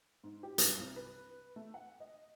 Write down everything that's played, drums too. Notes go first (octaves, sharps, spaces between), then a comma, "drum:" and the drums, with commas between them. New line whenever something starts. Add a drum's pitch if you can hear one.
G#2
G4
G2, drum: hi-hat
C2
B4
A3
F#5
D#5